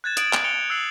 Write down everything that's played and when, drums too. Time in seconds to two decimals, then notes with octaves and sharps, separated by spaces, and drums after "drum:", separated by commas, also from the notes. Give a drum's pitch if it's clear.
0.04 F#6 G#6 A6 E7
0.17 D#6 G#6 A6 D7 F#7, drum: hi-hat
0.33 drum: clap
0.44 C#7 D7 F7 G7
0.70 E6 F#6 C7 F#7